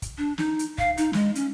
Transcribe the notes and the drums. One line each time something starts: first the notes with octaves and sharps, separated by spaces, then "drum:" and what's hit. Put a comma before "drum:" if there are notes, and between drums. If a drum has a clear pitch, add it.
drum: kick, hi-hat
D4
D#4, drum: snare
drum: hi-hat
F5, drum: kick
D#4, drum: hi-hat
G#3, drum: snare
C#4, drum: hi-hat